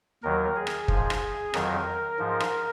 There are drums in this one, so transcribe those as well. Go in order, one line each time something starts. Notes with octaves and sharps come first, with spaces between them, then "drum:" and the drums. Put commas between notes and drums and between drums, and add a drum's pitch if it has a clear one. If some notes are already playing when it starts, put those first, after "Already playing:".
D#2 D#3 F#3 A#4
G#4
drum: rim click
G#2 F3, drum: kick
drum: rim click
F2 D#3 F#3 A#4, drum: rim click
G#2 F3
drum: rim click